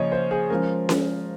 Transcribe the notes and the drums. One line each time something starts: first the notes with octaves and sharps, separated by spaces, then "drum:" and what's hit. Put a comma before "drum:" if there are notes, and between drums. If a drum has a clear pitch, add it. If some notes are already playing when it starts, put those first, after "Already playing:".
Already playing: C#3 F3 A#3 C#5 D#5
C5
G#4
F3 G#3 C#4 A#4
drum: snare C#4